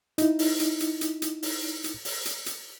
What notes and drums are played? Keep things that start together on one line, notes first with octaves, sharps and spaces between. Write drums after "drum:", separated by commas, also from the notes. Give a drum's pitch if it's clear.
D#4 E4, drum: hi-hat
drum: open hi-hat
drum: hi-hat
drum: hi-hat
drum: hi-hat
drum: hi-hat
drum: open hi-hat
drum: hi-hat
drum: open hi-hat
drum: hi-hat
drum: hi-hat